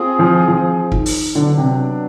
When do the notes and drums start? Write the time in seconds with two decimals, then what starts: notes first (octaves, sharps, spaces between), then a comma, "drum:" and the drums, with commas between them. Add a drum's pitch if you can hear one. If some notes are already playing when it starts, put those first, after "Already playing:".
Already playing: C4 F4 G#4
0.19 F3
0.48 F3
0.92 D#3, drum: kick
1.06 drum: open hi-hat
1.35 D3 F#3 B3 D4
1.58 C3